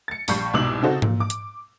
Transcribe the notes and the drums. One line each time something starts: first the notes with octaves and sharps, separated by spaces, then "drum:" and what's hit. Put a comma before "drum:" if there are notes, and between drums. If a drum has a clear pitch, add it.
A6 C#7
A#1 G3 B5 C#6 G6 C7, drum: open hi-hat
C2 G#2 B2 D6 E6 F#7
C#3 C4 D#4 F#4 A4 C5
A#2, drum: tom G#2
D6
drum: hi-hat